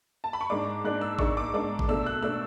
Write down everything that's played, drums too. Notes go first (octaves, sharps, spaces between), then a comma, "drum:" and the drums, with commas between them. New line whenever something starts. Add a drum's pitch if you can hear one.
A5
B5
C#6
G#2 G#3 D4 D6
G#2 G#3 D4 F#6
E6
G#2 G#3 D4 C#6, drum: kick A1
D6
G#2 G#3 D4 D6
drum: kick A1
B2 A3 D4 E6
F#6
B2 A3 D4 E6